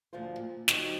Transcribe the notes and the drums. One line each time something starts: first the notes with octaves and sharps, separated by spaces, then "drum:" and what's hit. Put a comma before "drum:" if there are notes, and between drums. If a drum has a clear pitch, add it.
D2 A#2 F3 F4 C5
A#2
D3 F#3 D#4 G4 C5 C#5, drum: snare